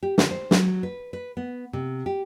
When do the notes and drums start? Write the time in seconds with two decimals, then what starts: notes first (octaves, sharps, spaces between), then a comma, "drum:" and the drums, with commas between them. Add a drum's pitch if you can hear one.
0.03 G4
0.18 D3, drum: snare
0.31 C5
0.51 F#3, drum: snare
0.83 B4
1.13 B4
1.37 B3
1.73 C3
2.06 G4